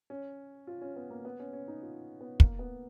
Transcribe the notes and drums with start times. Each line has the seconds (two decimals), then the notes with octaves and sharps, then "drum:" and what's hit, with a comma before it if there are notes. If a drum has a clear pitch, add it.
0.10 C#4
0.67 F4
0.82 C#4
0.96 B3
1.10 A#3
1.25 B3
1.40 C#4
1.53 C#4
1.68 D#4
1.82 F4
2.21 B3
2.40 A#3, drum: kick
2.59 B3